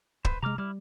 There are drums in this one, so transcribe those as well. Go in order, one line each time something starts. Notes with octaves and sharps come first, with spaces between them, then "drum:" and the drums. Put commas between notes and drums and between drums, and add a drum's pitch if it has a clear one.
B4 C5, drum: kick
C3 G#3 A#5 D6 F6
G3 E4 D6 F6